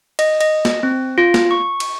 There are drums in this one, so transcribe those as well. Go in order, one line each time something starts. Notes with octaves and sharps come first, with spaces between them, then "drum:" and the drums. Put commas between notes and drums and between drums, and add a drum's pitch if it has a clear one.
D#5, drum: cymbal
D#5, drum: cymbal
drum: snare
C4
F4
drum: snare
C#6
drum: cymbal